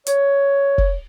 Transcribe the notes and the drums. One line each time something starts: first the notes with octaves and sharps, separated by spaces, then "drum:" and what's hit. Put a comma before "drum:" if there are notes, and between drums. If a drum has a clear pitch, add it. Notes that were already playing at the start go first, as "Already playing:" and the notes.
C#5, drum: hi-hat
drum: kick